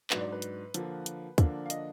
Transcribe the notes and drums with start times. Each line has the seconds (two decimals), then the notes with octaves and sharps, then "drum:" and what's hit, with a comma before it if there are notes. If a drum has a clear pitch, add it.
0.10 G#2 F#3 D4 B4, drum: clap
0.21 D5
0.32 B4
0.42 drum: hi-hat
0.74 D3 F3 A#3, drum: hi-hat
1.06 drum: hi-hat
1.38 D3 F3 A#3 D4 D5, drum: kick, hi-hat
1.66 F5
1.70 D#5, drum: hi-hat